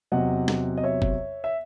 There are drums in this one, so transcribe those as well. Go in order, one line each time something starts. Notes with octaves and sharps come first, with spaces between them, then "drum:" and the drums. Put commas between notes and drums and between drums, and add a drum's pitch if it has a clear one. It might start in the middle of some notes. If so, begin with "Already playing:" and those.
E2 C3 F#3 D#5 F#5
drum: snare
D#5
C#5 E5
drum: kick
E5